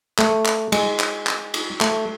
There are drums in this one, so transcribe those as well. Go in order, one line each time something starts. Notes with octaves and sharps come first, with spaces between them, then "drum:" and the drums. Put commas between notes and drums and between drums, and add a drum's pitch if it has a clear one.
A3, drum: clap
drum: clap
G#3, drum: cymbal
drum: clap
drum: clap
drum: cymbal
A3, drum: clap